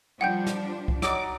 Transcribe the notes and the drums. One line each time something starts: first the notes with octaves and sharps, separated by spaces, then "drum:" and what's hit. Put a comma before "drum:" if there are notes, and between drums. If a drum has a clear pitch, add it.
F3 G3 D4 F#5 G5 G6
drum: snare
drum: kick C2
F#3 D#4 D5 D6, drum: snare